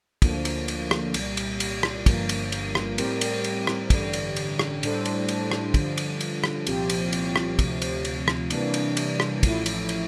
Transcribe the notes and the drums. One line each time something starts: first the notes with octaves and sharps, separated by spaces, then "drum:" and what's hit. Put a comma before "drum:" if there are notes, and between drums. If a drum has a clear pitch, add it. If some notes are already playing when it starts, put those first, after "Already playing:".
D2 D3 F3 A#3, drum: kick, cymbal
drum: cymbal
drum: cymbal
drum: rim click
C2 A#2 G3, drum: cymbal
drum: cymbal
drum: cymbal
drum: rim click
G1 G2 F3 A#3, drum: kick, cymbal
drum: cymbal
drum: cymbal
drum: rim click
A2 G3 C4 G4 A#4, drum: cymbal
drum: cymbal
drum: cymbal
drum: rim click
A1 G2 D3 G3, drum: kick, cymbal
drum: cymbal
drum: cymbal
drum: rim click
A2 G3 D4 A4 C5, drum: cymbal
drum: cymbal
drum: cymbal
drum: rim click
G2 D3 F3, drum: kick, cymbal
drum: cymbal
drum: cymbal
drum: rim click
C2 A#2 F3 C4 G4, drum: cymbal
drum: cymbal
drum: cymbal
drum: rim click
D2 C3 F3, drum: kick, cymbal
drum: cymbal
drum: cymbal
drum: rim click
C3 E3 G3 A#3 D4, drum: cymbal
drum: cymbal
drum: cymbal
drum: rim click
A1 A2 F3 A3 E4, drum: kick, cymbal
drum: cymbal
drum: cymbal